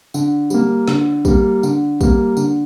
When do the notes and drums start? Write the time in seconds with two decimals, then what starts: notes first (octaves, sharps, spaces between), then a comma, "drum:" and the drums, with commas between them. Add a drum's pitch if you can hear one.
0.14 D3, drum: tambourine
0.50 G3 A#3, drum: tambourine
0.88 D3, drum: snare
1.25 G3 A#3, drum: kick, tambourine
1.63 D3, drum: tambourine
2.01 G3 A#3, drum: kick, tambourine
2.37 D3, drum: tambourine